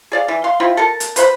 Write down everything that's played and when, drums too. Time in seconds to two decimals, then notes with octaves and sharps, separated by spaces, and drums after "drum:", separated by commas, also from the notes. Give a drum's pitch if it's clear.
0.12 G#4 D5 F5
0.28 E3
0.44 F5 C6
0.60 C4 E4 F4 B5
0.77 A4 A#4 A5
1.00 drum: hi-hat
1.16 B4 C5 F#5 B5, drum: hi-hat